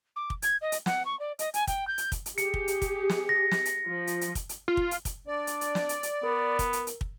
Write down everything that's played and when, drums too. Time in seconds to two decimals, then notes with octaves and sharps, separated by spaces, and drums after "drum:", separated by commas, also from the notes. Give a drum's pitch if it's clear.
0.16 D6
0.30 drum: kick
0.42 G#6, drum: hi-hat
0.61 D#5
0.72 drum: hi-hat
0.86 F#5, drum: snare
1.05 C#6
1.19 D5
1.39 D#5, drum: hi-hat
1.54 G#5, drum: hi-hat
1.67 G5, drum: kick, hi-hat
1.87 G6
1.98 drum: hi-hat
2.12 drum: kick, hi-hat
2.26 drum: hi-hat
2.38 G4 G#4 C#7, drum: hi-hat
2.54 drum: kick
2.68 drum: hi-hat
2.82 drum: kick, hi-hat
3.10 drum: snare
3.29 A#6
3.51 drum: snare
3.65 drum: hi-hat
3.87 F3
4.07 drum: hi-hat
4.21 drum: hi-hat
4.35 drum: kick, hi-hat
4.49 drum: hi-hat
4.68 F4
4.77 drum: kick
4.91 drum: hi-hat
5.05 drum: kick, hi-hat
5.27 D4 D5
5.47 drum: hi-hat
5.61 drum: hi-hat
5.75 drum: snare
5.89 drum: hi-hat
6.03 drum: hi-hat
6.23 B3 A#4
6.59 drum: kick, hi-hat
6.73 drum: hi-hat
6.87 drum: hi-hat
7.01 drum: kick